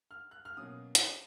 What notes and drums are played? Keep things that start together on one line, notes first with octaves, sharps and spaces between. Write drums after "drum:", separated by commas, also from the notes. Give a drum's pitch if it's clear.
F6
F#6
F6
B2 F#3 A#3 C#4 D#6
drum: hi-hat